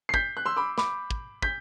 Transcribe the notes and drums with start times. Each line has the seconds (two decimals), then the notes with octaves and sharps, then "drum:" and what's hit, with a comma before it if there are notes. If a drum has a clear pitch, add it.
0.09 C7
0.14 G6 B6, drum: kick
0.37 F#6
0.46 C6 E6
0.57 B5 D6
0.78 B5 D6, drum: snare
1.11 drum: kick
1.42 G6 B6, drum: kick